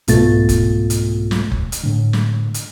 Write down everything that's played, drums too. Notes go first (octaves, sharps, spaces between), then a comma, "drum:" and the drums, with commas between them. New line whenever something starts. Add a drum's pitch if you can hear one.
C2 G#2 B2 A3 F4 A6, drum: hi-hat
drum: kick F#1, hi-hat
drum: hi-hat
drum: snare
drum: kick F#1
drum: hi-hat
A2 D3
drum: snare
drum: hi-hat